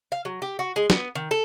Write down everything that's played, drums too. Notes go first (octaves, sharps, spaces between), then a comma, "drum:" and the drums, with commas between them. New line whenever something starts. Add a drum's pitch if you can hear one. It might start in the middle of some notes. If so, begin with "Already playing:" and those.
F5
F#3
G4
F#4
G#3
B3, drum: snare
D#3
A4